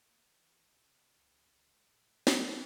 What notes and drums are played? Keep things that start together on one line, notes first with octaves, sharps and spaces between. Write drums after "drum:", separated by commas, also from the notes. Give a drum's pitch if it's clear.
A#3
F3
E3
C2
C3
C#2
C#2
G#3
A#2
A2
C2, drum: snare
G3